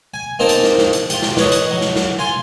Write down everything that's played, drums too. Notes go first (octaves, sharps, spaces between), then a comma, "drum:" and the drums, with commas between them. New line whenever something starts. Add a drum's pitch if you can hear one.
G#5
A#3 C4 D#4 A#4 C5 A5
drum: hi-hat
drum: snare
drum: snare
drum: hi-hat
F4 G4, drum: hi-hat
drum: snare
B4 C#5 D#5, drum: snare
drum: hi-hat
F#3
drum: snare
drum: snare
F4 G#5 C6